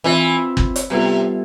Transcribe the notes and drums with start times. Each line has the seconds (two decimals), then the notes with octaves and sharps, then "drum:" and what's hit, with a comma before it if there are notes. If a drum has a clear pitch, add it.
0.04 E3 C4 F4 C5 E5
0.57 drum: kick
0.76 drum: hi-hat
0.90 C3 G3 B3 F4 A4